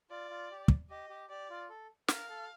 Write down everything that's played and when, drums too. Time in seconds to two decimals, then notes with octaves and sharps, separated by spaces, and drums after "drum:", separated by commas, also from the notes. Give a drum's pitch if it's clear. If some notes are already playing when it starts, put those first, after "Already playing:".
0.10 F4 D5
0.30 F4
0.51 G4
0.68 drum: kick
0.90 G4 D#5
1.10 G4
1.30 G4 D5
1.50 F4
1.69 A4
2.08 A#4 F5, drum: snare
2.29 A4